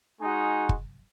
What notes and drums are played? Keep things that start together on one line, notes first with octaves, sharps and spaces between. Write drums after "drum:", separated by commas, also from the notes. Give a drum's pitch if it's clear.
G#3 D#4 F#4 G#5
drum: kick